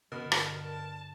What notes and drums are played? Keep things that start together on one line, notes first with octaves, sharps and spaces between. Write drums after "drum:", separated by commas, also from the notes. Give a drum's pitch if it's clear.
G2 B2 D3 B3 A#4
drum: rim click
A5